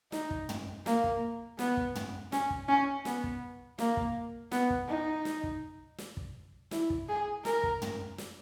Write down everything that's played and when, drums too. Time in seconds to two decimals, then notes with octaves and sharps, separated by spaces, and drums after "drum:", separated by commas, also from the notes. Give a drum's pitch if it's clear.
0.12 D#4, drum: snare
0.31 drum: kick
0.49 drum: tom
0.86 A#3, drum: snare
1.04 drum: kick
1.59 B3, drum: snare
1.77 drum: kick
1.95 drum: tom
2.32 C#4, drum: snare
2.50 drum: kick
2.68 C#4
3.05 B3, drum: snare
3.24 drum: kick
3.79 A#3, drum: snare
3.97 drum: kick
4.52 B3, drum: snare
4.70 drum: kick
4.88 D#4
5.25 drum: snare
5.43 drum: kick
5.98 drum: snare
6.17 drum: kick
6.71 E4, drum: snare
6.90 drum: kick
7.08 G#4
7.45 A#4, drum: snare
7.63 drum: kick
7.82 drum: tom
8.18 drum: snare